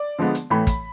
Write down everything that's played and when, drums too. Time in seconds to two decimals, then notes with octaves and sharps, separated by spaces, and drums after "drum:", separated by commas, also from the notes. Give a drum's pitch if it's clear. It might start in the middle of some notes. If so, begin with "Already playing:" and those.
Already playing: D5
0.19 D3 F3 G#3 B3
0.35 drum: hi-hat
0.50 A2 E3 A3 B5
0.67 drum: kick, hi-hat